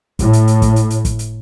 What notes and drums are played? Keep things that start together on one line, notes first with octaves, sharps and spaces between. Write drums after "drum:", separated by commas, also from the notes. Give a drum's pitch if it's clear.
A2, drum: kick, hi-hat
drum: hi-hat
drum: hi-hat
drum: kick, hi-hat
drum: hi-hat
drum: hi-hat
drum: kick, hi-hat
drum: hi-hat